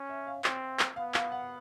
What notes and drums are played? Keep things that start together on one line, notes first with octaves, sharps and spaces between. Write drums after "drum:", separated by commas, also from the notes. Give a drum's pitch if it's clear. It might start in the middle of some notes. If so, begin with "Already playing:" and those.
Already playing: C#4
E5
F5
C4, drum: clap
drum: clap
B3 F5
F5, drum: clap
F#5